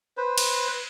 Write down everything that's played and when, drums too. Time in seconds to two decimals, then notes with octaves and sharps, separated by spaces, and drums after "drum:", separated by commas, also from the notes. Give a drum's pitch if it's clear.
0.17 B4 C5
0.38 drum: cymbal